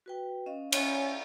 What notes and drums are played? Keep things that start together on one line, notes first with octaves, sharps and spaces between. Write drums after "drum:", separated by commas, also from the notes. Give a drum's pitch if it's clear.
F#4 B4 G5
C#4 D#5 F5
C#4 D5 E5 F5, drum: cymbal